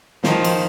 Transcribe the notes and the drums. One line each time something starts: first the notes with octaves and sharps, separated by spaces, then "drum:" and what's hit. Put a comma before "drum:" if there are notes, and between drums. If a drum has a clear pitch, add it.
D#3 F3, drum: snare
drum: cymbal